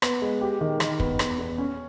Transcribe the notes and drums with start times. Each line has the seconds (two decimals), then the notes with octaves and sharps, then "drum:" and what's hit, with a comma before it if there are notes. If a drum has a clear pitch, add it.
0.02 B3, drum: rim click
0.22 G#3
0.41 G4
0.61 D#3
0.80 D#3, drum: rim click
1.00 B3, drum: kick
1.19 E2, drum: rim click
1.39 E2
1.58 C#4